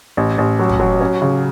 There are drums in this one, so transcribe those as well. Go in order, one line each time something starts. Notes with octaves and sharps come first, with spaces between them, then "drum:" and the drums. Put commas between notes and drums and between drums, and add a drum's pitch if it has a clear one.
A1
A1
F#3
drum: kick
F#3
C#4
C#3